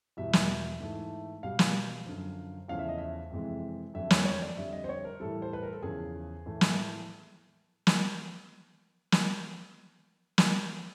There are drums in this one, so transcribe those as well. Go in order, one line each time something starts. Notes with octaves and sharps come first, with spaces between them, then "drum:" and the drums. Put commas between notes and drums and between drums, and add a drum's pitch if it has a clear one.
E2 B2 G3 E5
drum: snare
G#2 E3 A3
B2 G3 F5
drum: snare
F#2 D3 F3
E2 C#3 F3 A3 F5
E5
D#5
E5
F2 C3 E3 G#3
F2 D3 F#3 A3 E5
C#5, drum: snare
C#5
D5
F2 D3 G3 E5
D#5
C5
C#5
A#4
A2 E3 G3 A4
C5
B4
A#4
A4
E2 C#3 F3 G#4
A2 E3 A3
drum: snare
drum: snare
drum: snare
drum: snare